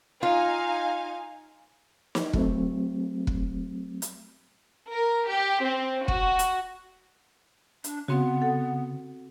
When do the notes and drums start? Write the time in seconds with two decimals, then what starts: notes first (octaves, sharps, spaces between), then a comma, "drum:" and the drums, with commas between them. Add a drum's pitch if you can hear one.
0.23 D#4 F4 F5 G#5
2.15 drum: snare
2.33 F#3 A3 C4, drum: kick
3.27 drum: kick
4.02 drum: hi-hat
4.92 A#4
5.29 G4
5.65 C4
6.08 F#4, drum: kick
6.39 drum: hi-hat
7.84 D4, drum: hi-hat
8.08 C#3 B3 C4 F#4
8.42 A4 F#5